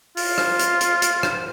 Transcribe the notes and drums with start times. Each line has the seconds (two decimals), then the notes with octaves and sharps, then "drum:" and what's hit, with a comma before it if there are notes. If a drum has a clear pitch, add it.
0.17 F4, drum: open hi-hat
0.38 drum: rim click
0.59 drum: hi-hat
0.81 drum: hi-hat
1.02 drum: hi-hat
1.23 drum: rim click